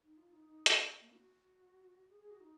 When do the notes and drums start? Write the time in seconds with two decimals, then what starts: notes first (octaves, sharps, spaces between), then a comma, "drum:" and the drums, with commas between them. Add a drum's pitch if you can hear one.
0.03 D#4
0.17 F4
0.32 D#4
0.45 D#4
0.66 C#4, drum: hi-hat
1.00 A#3
1.13 F#4
2.09 G#4
2.19 G#4
2.31 F#4
2.40 D#4